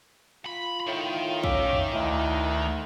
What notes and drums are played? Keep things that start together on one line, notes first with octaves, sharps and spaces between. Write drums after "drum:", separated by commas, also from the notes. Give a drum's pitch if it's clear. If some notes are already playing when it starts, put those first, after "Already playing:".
F4 B5
A2 D#3
C#4 E5 F5 D6, drum: kick
drum: tom E2
D2 D#4 E4